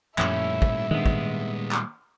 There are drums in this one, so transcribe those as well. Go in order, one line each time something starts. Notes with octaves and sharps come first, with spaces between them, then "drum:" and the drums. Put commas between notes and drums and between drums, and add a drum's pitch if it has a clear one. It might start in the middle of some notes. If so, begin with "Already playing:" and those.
F#2 A#2 F3 G3 A3 C#4 E4 E5, drum: clap
drum: kick
D#3 G#3 B3 D4
drum: kick
drum: clap